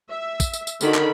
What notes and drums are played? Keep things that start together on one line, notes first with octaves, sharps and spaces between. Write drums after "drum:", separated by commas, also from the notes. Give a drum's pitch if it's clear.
E5
drum: kick, tambourine
drum: tambourine
drum: tambourine
D3 D#3 F#4 A4 B5, drum: tambourine
drum: clap